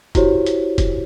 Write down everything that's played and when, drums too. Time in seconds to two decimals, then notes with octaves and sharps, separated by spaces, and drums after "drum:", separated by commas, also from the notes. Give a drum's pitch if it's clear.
0.15 E4 F#4 G4 C5 C#5, drum: kick, hi-hat
0.46 drum: hi-hat
0.78 drum: kick, hi-hat